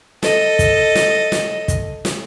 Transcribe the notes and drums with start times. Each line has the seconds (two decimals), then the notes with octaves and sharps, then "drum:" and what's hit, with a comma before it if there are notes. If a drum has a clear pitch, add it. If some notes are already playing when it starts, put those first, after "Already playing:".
0.23 A4 D#5, drum: snare
0.59 drum: kick, hi-hat
0.95 drum: snare
1.32 drum: snare
1.68 drum: kick, hi-hat
2.05 drum: snare